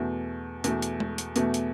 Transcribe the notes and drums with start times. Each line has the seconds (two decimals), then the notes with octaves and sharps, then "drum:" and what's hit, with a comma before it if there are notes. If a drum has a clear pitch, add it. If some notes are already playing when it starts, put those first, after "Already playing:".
Already playing: E2 B2 A3
0.64 E2 B2 A3, drum: hi-hat
0.82 drum: hi-hat
1.00 drum: tom G#3
1.18 drum: hi-hat
1.36 E2 B2 A3, drum: hi-hat
1.54 drum: hi-hat